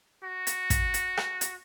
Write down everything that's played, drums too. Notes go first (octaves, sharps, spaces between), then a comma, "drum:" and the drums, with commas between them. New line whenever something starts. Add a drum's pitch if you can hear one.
F#4
drum: hi-hat
drum: kick, hi-hat
drum: hi-hat
drum: rim click
drum: hi-hat